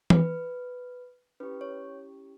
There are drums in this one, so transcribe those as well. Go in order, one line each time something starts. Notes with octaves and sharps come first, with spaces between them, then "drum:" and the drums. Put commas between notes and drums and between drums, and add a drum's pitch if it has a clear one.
B4, drum: tom E3
C#4 E4 G4 B4
C#5